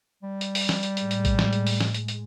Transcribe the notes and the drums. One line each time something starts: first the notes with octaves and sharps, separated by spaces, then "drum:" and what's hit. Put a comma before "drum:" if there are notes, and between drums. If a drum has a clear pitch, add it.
G3
drum: hi-hat
drum: open hi-hat
drum: snare
drum: hi-hat
A2 G#3, drum: hi-hat
drum: hi-hat
drum: kick A#1, hi-hat
drum: snare
drum: hi-hat
drum: open hi-hat
drum: snare
drum: hi-hat
drum: hi-hat